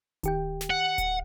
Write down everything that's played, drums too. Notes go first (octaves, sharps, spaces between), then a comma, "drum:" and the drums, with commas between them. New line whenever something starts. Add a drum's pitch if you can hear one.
D#3 G4 G5, drum: kick D1, hi-hat
drum: snare
F#5
drum: kick D1, hi-hat